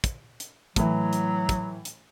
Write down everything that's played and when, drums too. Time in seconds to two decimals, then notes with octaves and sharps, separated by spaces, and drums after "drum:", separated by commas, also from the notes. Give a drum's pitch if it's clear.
0.04 drum: kick, hi-hat
0.40 drum: hi-hat
0.76 A2 E3 F#3, drum: kick, hi-hat
1.13 drum: hi-hat
1.49 drum: kick, hi-hat
1.85 drum: hi-hat